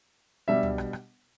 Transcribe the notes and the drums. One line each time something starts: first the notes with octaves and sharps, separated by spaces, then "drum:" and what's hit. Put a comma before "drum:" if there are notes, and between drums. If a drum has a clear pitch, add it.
B2 G3 D4 E5
drum: tom
drum: rim click
drum: rim click